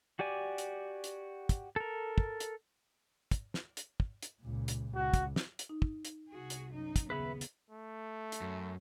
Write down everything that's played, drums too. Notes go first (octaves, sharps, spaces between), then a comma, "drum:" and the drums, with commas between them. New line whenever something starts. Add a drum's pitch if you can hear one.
F#4 G4 D5 G#5
drum: hi-hat
drum: hi-hat
drum: kick, hi-hat
A4 A#4
drum: kick
drum: hi-hat
drum: kick, hi-hat
drum: snare
drum: hi-hat
drum: kick
drum: hi-hat
C#2 A#2
drum: hi-hat
C#2 F#4
drum: kick, hi-hat
drum: snare
drum: hi-hat
D#4
drum: kick
drum: hi-hat
C2 F#4 G#4
drum: hi-hat
F#2 D#4
drum: kick, hi-hat
A#1 D#2 C#3 B3 G#4 B4 E5 B5
drum: hi-hat
A3
drum: hi-hat
F#2